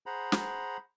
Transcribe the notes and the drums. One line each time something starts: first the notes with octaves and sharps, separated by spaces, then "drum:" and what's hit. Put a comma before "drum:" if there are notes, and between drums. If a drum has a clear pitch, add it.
G#4 C5 F#5 A#5 B5
drum: snare